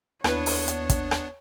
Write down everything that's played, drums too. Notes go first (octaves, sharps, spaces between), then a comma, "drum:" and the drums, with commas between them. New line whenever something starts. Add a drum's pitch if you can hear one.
D#2 B3 D4 E4 B4 C#5, drum: rim click
drum: open hi-hat
drum: hi-hat
drum: kick, hi-hat
drum: rim click